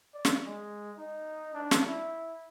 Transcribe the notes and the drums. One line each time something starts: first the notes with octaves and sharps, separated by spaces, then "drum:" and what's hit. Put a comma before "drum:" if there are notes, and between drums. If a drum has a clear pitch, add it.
D5
drum: snare
G#3
D#4
D4
drum: snare
E4